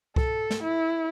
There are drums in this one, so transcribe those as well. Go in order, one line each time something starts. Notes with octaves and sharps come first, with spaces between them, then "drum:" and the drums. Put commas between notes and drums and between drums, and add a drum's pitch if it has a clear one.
A4, drum: kick C2
drum: snare
E4